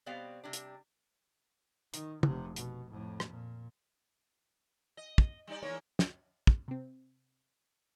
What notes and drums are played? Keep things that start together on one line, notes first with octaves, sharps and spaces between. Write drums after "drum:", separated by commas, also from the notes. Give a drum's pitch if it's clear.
B2 G3 B3 C4 D5 F5
C3 G3 D4
drum: hi-hat
D#3, drum: hi-hat
F1 C3, drum: tom
B2, drum: hi-hat
F2 A2
drum: rim click
A#2
D#5
drum: kick
G3 D#4 D5
E2 G#3 A#3 C#5
drum: snare
drum: kick
C3 C4